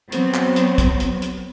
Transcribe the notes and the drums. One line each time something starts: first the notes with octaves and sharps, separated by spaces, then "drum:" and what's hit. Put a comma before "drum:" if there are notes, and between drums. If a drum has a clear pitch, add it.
F#3 B3 C4, drum: hi-hat
drum: clap
drum: hi-hat
drum: kick, hi-hat
drum: hi-hat
drum: hi-hat